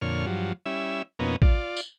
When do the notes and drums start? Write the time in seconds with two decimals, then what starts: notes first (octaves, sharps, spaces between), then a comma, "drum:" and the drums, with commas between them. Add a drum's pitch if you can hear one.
0.01 F2 A#2 D3 C#5 F6
0.26 G2 F3 F#3
0.66 G3 C#4 E4 E5
1.19 F2 B2 A#3 B3 C#4 D#4
1.42 F4 D5, drum: kick
1.76 drum: tambourine